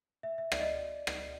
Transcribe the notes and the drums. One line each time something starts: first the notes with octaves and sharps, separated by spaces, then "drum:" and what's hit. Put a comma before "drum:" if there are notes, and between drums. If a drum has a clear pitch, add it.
E5
E5
D5, drum: rim click
D#5
D5
drum: rim click